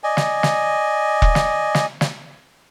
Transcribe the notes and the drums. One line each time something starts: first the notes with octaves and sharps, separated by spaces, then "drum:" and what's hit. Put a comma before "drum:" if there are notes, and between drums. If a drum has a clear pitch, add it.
D5 D#5 G#5
drum: snare
drum: snare
drum: kick E1
drum: snare
drum: snare
drum: snare